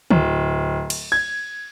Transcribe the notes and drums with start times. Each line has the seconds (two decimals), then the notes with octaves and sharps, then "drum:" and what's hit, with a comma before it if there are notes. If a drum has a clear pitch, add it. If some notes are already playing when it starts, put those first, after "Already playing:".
0.10 D1, drum: tom D3
0.90 drum: cymbal
1.12 G#6